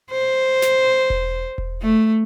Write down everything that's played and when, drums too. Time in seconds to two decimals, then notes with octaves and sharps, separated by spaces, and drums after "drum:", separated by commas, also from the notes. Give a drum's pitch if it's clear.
0.11 C5
0.62 drum: snare
1.10 drum: kick E1
1.58 drum: kick E1
1.82 A3